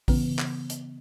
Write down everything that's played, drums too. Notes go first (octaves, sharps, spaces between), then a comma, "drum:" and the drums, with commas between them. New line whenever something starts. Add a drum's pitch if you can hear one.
C#3 E3 B3, drum: kick A1, open hi-hat
drum: clap
drum: hi-hat